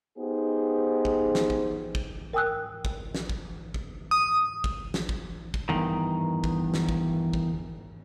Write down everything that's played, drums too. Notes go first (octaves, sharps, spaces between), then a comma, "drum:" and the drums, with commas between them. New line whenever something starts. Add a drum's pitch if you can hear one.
B3 D#4 G4 G#4 C5
drum: kick
drum: snare
drum: kick
drum: kick
A#4 G5 G#5 D#6 E6 F#6
drum: kick
drum: snare
drum: kick
drum: kick
D#6
drum: kick
drum: snare
drum: kick
drum: kick
E2 G2 D#3
drum: kick
drum: snare
drum: kick
drum: kick